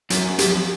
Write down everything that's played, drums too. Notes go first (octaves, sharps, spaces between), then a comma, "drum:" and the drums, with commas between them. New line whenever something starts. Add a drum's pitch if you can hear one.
F#2, drum: hi-hat
F#2 G4, drum: hi-hat
F2